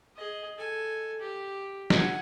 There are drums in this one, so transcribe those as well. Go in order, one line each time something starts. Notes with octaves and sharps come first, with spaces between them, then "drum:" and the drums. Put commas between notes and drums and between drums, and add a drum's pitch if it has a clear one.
G#4 D#5
A4 G#5
G4
F#5 G#5, drum: snare